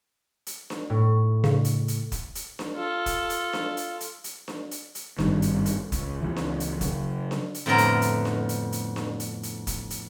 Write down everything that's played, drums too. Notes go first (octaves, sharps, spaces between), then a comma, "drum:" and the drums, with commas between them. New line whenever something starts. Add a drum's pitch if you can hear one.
drum: hi-hat
drum: snare D4
A2
C#3, drum: snare D4
drum: hi-hat
drum: hi-hat
drum: kick, hi-hat
drum: hi-hat
drum: snare D4
F4 A4
drum: kick, hi-hat
drum: hi-hat
drum: snare D4
drum: hi-hat
drum: hi-hat
drum: hi-hat
drum: snare D4
drum: hi-hat
drum: hi-hat
G#1 G2 D#3, drum: snare D4
drum: hi-hat
drum: hi-hat
C#2, drum: kick, hi-hat
C#2 E3
drum: snare D4
drum: hi-hat
C#3 F#3, drum: kick, hi-hat
drum: snare D4
drum: hi-hat
F2 A2 D3 B3 A#4
drum: hi-hat
drum: hi-hat
drum: snare D4
drum: hi-hat
drum: hi-hat
drum: snare D4
drum: hi-hat
drum: hi-hat
drum: kick, hi-hat
drum: hi-hat